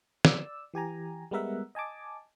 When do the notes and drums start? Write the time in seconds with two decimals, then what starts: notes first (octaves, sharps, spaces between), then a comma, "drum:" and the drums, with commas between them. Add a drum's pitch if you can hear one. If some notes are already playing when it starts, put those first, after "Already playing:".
0.25 D5 E6, drum: snare
0.74 E3 G4 G#5 A#5
1.31 G3 G#3 B3 A#4 E5 F#5
1.75 D#5 G#5 A5 D6